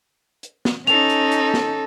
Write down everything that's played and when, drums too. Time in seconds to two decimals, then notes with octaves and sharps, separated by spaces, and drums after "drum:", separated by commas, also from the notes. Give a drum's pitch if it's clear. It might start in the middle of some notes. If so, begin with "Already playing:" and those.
0.43 drum: hi-hat
0.65 drum: snare
0.87 C#4 D#4 A4 F7, drum: hi-hat
1.09 drum: hi-hat
1.32 drum: hi-hat
1.54 drum: snare